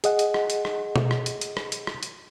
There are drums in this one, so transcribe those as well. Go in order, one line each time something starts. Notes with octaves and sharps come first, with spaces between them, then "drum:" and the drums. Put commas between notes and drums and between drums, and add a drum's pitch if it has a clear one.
G#4 D#5 F#5, drum: hi-hat
drum: hi-hat
drum: rim click
drum: hi-hat
drum: rim click
drum: tom B2
drum: rim click
drum: hi-hat
drum: hi-hat
drum: rim click
drum: hi-hat
drum: rim click
drum: hi-hat